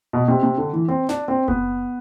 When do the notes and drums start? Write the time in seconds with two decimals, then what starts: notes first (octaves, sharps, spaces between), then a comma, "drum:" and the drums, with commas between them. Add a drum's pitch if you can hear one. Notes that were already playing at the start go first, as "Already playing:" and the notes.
0.13 B2
0.28 C3
0.43 C3
0.58 D3
0.73 E3
0.88 C4
1.09 D4, drum: snare
1.28 C4
1.48 B3, drum: kick F#1